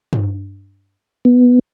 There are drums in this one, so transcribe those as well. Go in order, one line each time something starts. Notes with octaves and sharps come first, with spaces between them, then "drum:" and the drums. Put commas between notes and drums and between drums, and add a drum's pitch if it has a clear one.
drum: tom G2
B3